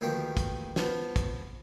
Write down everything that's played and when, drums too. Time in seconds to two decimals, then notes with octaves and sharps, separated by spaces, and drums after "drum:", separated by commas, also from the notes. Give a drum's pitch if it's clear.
0.01 D2 D#3 F3 A#3 G4 B4
0.37 drum: kick, hi-hat
0.76 F3 B3 B4 A5, drum: snare
1.16 drum: kick, hi-hat